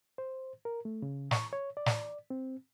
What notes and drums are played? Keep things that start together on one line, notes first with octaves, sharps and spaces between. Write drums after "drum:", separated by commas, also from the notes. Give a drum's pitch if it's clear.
C5
A#4
A3
C#3
C#6, drum: snare
C#5
D5
drum: snare
C4